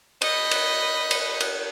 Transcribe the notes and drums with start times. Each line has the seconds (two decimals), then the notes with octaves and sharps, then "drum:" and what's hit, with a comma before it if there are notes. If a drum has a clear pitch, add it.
0.22 D#5 B5, drum: cymbal
0.51 drum: cymbal
1.11 drum: cymbal
1.40 drum: cymbal